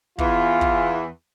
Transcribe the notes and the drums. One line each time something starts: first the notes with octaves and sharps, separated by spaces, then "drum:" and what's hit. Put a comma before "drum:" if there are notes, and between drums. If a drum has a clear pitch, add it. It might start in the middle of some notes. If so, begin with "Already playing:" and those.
E2 E3 F4, drum: kick
drum: kick